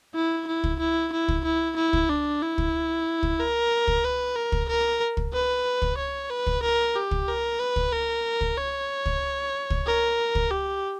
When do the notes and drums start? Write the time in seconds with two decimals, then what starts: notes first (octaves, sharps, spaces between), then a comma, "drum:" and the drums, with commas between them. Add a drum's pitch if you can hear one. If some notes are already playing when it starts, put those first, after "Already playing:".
0.15 E4
0.47 E4
0.64 drum: kick
0.80 E4
1.13 E4
1.28 drum: kick
1.44 E4
1.76 E4
1.93 drum: kick
2.09 D4
2.42 E4
2.58 drum: kick
3.23 drum: kick
3.39 A#4
3.87 drum: kick
4.04 B4
4.36 A#4
4.52 drum: kick
4.69 A#4
5.17 drum: kick
5.33 B4
5.82 drum: kick
5.98 C#5
6.30 B4
6.47 drum: kick
6.63 A#4
6.96 G4
7.11 drum: kick
7.28 A#4
7.59 B4
7.76 drum: kick
7.92 A#4
8.41 drum: kick
8.57 C#5
9.06 drum: kick
9.70 drum: kick
9.87 A#4
10.35 drum: kick
10.51 G4